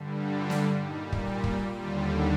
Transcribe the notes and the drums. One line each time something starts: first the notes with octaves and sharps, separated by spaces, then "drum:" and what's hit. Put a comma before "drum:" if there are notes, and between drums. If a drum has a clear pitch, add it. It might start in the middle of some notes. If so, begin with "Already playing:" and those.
Already playing: G2 D3 G3
F4
drum: snare
A#2 G3 D#4
drum: kick
drum: kick
D#2 D3 G3 F4